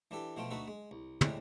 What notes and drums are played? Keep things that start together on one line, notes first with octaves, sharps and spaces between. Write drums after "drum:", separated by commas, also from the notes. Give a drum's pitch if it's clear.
E3 D4 G4 A4
B2 F3 A3 F4 G5
D2 A3 D#4 F#4 A4 B4
G#3
C2
A2 C3 G3 G#3, drum: tom